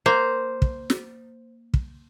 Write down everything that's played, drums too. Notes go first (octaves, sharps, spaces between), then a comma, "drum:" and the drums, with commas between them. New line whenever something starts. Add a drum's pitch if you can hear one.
A#3 C5
drum: kick
drum: snare
drum: kick